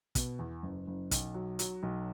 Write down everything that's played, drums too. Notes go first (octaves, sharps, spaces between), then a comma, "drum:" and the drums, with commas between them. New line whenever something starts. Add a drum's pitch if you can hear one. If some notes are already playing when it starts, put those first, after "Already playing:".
B2, drum: kick, hi-hat
E2
F#1
F#1
B1, drum: kick, hi-hat
F#3
F#3, drum: hi-hat
B1